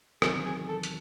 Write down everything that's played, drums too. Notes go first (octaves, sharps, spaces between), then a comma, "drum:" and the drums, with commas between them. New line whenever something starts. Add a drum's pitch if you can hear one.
E2 C3 D#3 F#3 G#4, drum: rim click
G#4
A4
drum: hi-hat